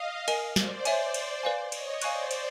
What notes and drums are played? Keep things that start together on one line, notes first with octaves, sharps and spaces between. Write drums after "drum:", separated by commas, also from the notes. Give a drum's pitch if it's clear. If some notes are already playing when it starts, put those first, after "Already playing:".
Already playing: D#5 F5
A#4 D#5 G#5, drum: cymbal
C5 D5, drum: snare
C#5 E5 G#5, drum: cymbal
drum: cymbal
B4 D5 F5 G#5
C#5 D#5, drum: cymbal
C5 D5 F5 G#5 C#6 F#6, drum: cymbal
drum: cymbal